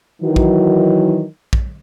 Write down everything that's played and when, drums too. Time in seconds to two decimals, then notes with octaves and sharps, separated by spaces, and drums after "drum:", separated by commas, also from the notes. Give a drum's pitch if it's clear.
0.22 D#3 E3 F#3
0.36 drum: kick
1.53 drum: kick